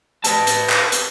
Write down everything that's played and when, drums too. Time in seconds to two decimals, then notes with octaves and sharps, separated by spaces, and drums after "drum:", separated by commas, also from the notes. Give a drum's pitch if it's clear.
0.24 B4 A5, drum: hi-hat
0.47 drum: hi-hat
0.70 drum: clap
0.92 drum: hi-hat